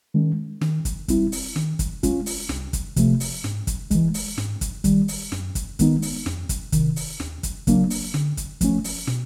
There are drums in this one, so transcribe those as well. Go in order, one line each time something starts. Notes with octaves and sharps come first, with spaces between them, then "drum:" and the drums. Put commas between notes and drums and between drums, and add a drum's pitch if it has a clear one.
D#3 G#3 C#4
D#3, drum: snare
drum: kick, hi-hat
G3 C4 E4, drum: kick, hi-hat
drum: open hi-hat
D#3, drum: snare
drum: kick, hi-hat
G#3 C#4 F4, drum: kick, hi-hat
drum: open hi-hat
C2, drum: snare
drum: kick, hi-hat
C3 F3 A3, drum: kick, hi-hat
drum: open hi-hat
G#2, drum: snare
drum: kick, hi-hat
E3 G#3, drum: kick, hi-hat
drum: open hi-hat
G#2, drum: snare
drum: kick, hi-hat
D#3 G3, drum: kick, hi-hat
drum: open hi-hat
F#2, drum: snare
drum: kick, hi-hat
D#3 G#3 B3 D#4, drum: kick, hi-hat
drum: open hi-hat
F2, drum: snare
drum: kick, hi-hat
C3 D#3, drum: kick, hi-hat
drum: open hi-hat
D#2, drum: snare
drum: kick, hi-hat
C#3 F#3 A#3 D4, drum: kick, hi-hat
drum: open hi-hat
D3, drum: snare
drum: kick, hi-hat
F3 A3 C#4, drum: kick, hi-hat
drum: open hi-hat
B2, drum: snare